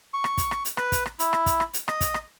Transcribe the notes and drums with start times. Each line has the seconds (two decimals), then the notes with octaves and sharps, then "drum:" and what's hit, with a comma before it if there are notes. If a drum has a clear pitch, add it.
0.13 C#6
0.24 drum: rim click
0.38 drum: kick, hi-hat
0.51 drum: rim click
0.65 drum: hi-hat
0.77 B4, drum: rim click
0.92 drum: kick, hi-hat
1.06 drum: rim click
1.19 E4, drum: hi-hat
1.33 drum: rim click
1.46 drum: kick, hi-hat
1.60 drum: rim click
1.74 drum: hi-hat
1.88 D#5, drum: rim click
2.01 drum: kick, hi-hat
2.14 drum: rim click